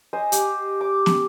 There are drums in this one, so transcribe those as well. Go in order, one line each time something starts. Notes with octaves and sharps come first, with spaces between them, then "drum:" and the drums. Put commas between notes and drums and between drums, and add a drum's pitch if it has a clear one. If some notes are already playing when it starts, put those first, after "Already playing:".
C5 D#5 G#5
G4, drum: hi-hat
D6
drum: snare